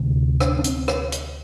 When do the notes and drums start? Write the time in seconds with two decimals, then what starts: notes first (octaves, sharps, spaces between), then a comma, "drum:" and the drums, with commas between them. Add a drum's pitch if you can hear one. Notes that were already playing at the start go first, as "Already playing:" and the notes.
Already playing: D2 C3
0.40 D4, drum: rim click
0.59 D4
0.64 C4, drum: hi-hat
0.88 drum: rim click
1.12 drum: hi-hat